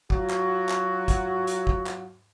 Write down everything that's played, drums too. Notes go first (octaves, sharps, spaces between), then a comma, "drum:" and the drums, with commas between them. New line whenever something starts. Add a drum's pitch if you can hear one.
F#3 F4 F#4, drum: kick
drum: clap
drum: clap
drum: kick, hi-hat
drum: hi-hat
drum: kick
drum: clap